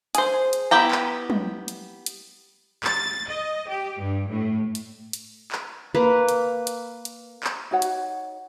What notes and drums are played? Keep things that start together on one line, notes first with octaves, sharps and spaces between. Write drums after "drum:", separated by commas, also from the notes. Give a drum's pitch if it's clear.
G#4 C5, drum: hi-hat
drum: hi-hat
B3 E4 G4 G5 A#5
drum: clap
drum: tom
drum: hi-hat
drum: hi-hat
A6, drum: clap
D#5
G4
G2
A2
drum: hi-hat
drum: hi-hat
drum: clap
A#3 B4
drum: hi-hat
drum: hi-hat
drum: hi-hat
drum: clap
D#4 F#4 C#5 F#5
drum: hi-hat